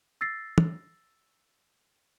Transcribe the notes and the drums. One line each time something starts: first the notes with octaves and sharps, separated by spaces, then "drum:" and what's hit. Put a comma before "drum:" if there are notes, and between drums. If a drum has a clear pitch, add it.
E6 A6 A#6 C7
drum: tom